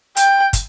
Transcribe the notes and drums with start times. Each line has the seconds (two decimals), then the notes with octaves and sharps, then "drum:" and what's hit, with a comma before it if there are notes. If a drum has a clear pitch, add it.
0.17 G5, drum: hi-hat
0.53 drum: kick, hi-hat